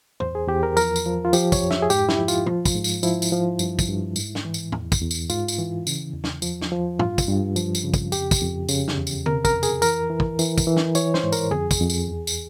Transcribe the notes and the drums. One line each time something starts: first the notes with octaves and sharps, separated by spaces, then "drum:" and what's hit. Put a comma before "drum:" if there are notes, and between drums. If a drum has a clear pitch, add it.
E2 C5, drum: tom
G#4
E2 G4
A#4
F3 A#4, drum: tambourine
drum: tambourine
F3
F4
F3 G4, drum: tambourine
C#5, drum: kick, tambourine
F2
E5, drum: snare
G#4
G#2 G4, drum: tambourine
E4, drum: snare
F3
F4, drum: tambourine
F3, drum: tom
drum: kick, tambourine
G#2
drum: tambourine
F3 E4, drum: tambourine
drum: tambourine
F3
G2, drum: tambourine
drum: kick, tambourine
G2
G#2, drum: tambourine
drum: snare
E3
drum: tambourine
E2, drum: tom
drum: kick, tambourine
E2
drum: tambourine
G#2 F4, drum: tambourine
drum: tambourine
E3
C#3, drum: tambourine
E2
drum: snare
F3, drum: tambourine
drum: snare
F3
G2 F4, drum: tom
drum: kick, tambourine
G2
F3, drum: tambourine
drum: tambourine
C#3
drum: kick, tambourine
F2 G4, drum: tambourine
drum: kick, tambourine
F2
C#3, drum: tambourine
drum: snare
E2
drum: tambourine
C3 A#4, drum: tom
A#4, drum: kick, tambourine
F2
G#4, drum: tambourine
E3 A#4, drum: tambourine
E3
drum: kick
E3, drum: tambourine
drum: kick, tambourine
E3
drum: snare
E3 C#5, drum: tambourine
C5, drum: snare
G#2
A#4, drum: tambourine
F2 G#4, drum: tom
drum: kick, tambourine
F2
drum: tambourine
E2
drum: tambourine